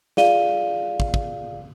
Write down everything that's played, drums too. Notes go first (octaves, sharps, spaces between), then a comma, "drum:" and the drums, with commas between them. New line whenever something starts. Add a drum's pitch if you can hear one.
F4 G#4 D5 F5 D#7 G7, drum: snare
drum: kick
drum: kick